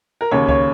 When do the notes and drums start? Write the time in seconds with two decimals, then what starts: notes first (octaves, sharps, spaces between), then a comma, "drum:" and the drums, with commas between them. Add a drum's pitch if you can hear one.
0.21 A#4
0.31 D#2 C#3 C#5
0.48 C#5, drum: kick C#2